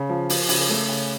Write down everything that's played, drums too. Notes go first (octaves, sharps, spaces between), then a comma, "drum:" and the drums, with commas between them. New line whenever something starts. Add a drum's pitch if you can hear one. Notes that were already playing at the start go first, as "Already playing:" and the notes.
Already playing: C#3
F3
F3, drum: open hi-hat
C#3, drum: open hi-hat
A3
C#3